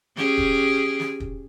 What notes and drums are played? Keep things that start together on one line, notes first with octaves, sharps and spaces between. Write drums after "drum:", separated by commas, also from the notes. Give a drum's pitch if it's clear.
C#4 G4 G#4, drum: snare
drum: kick
drum: snare
drum: kick